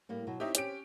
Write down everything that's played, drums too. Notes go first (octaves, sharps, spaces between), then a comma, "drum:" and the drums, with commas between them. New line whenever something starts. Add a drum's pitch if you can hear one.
A2 G3 A#3
B2 F#3
C4 D#4 E4 G4 C#5
C#4 G4 D7, drum: hi-hat